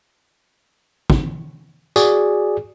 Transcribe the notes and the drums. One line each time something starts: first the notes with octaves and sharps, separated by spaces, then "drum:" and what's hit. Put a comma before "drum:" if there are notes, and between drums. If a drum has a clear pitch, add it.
drum: kick
F#4 G#4 D5, drum: tambourine